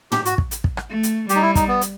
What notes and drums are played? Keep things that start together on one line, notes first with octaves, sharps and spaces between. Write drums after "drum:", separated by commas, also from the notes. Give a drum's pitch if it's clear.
G4, drum: tom
F#4, drum: hi-hat
drum: kick
drum: hi-hat
drum: kick
drum: rim click
A3
drum: hi-hat
G3 G4, drum: hi-hat
D#4
E4
D#4, drum: kick, hi-hat
B3
drum: hi-hat